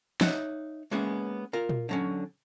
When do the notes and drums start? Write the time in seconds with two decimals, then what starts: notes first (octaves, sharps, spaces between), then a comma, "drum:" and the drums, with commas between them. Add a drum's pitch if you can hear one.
0.21 D#4 C#5 E5 F#5, drum: snare
0.91 G#3 A#3 B3 C#4 G#4 E5
1.53 F4 A#4
1.69 drum: tom A#2
1.89 D3 F#3 C#4